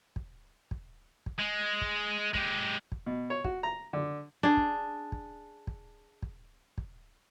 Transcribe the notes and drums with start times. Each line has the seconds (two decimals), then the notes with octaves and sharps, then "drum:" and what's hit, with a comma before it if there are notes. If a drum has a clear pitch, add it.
0.16 drum: kick
0.71 drum: kick
1.26 drum: kick
1.39 G#3
1.81 drum: kick
2.34 G#3 G4, drum: kick
2.92 drum: kick
3.06 B2
3.30 C#5
3.44 F#4, drum: kick
3.63 A#5
3.93 D3
4.43 D4 G#4
4.57 drum: kick
5.12 drum: kick
5.67 drum: kick
6.22 drum: kick
6.78 drum: kick